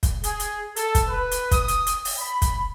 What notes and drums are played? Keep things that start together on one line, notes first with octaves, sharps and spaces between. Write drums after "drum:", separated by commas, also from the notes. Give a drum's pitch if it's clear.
drum: kick, hi-hat
G#4, drum: hi-hat
drum: hi-hat
A4, drum: hi-hat
drum: kick, hi-hat
B4
drum: hi-hat
D#6, drum: kick, hi-hat
drum: hi-hat
drum: hi-hat
drum: open hi-hat
B5
drum: kick, hi-hat